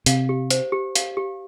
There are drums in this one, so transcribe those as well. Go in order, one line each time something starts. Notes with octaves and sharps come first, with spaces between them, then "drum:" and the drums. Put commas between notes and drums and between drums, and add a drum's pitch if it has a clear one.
C3 F5, drum: hi-hat
G4
C5, drum: hi-hat
G4
F5, drum: hi-hat
G4